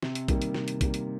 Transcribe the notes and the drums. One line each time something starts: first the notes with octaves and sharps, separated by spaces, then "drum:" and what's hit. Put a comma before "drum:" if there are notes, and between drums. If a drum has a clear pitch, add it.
C3, drum: snare
drum: hi-hat
D#3 G3 A#3, drum: kick A#1, hi-hat
drum: hi-hat
C3, drum: snare
drum: hi-hat
D#3 G3 A#3, drum: kick A#1, hi-hat
drum: hi-hat